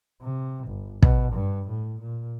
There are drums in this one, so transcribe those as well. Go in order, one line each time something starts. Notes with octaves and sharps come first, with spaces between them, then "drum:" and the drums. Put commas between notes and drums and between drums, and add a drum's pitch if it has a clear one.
C3
G1
B2, drum: kick
G2
A2
A#2